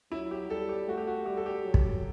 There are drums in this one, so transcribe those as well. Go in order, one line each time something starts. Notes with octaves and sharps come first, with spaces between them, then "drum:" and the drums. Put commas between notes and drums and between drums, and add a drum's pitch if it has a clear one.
F#3 E4
G4
G3 A4
G4
A3 F#4
G4
F#4
G3 G4
A4
G4
F#3
drum: kick